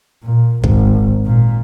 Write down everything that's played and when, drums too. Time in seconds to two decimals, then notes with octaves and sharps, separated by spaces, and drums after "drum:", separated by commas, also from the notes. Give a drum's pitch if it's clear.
0.24 A#2
0.64 G#1, drum: kick
1.26 A#2